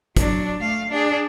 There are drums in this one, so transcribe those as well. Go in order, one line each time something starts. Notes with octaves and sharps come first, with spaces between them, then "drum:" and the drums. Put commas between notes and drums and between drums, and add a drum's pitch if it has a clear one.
F#3 D4, drum: kick, hi-hat
A3 F5
D4 G#4